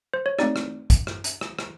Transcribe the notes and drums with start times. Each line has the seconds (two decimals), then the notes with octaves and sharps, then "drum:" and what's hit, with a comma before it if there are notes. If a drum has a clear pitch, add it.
0.14 C5
0.26 C#5
0.39 A3 C4 D#4 G4 D5, drum: rim click
0.56 drum: rim click
0.90 drum: kick, hi-hat
1.07 drum: rim click
1.24 drum: hi-hat
1.41 drum: rim click
1.59 drum: rim click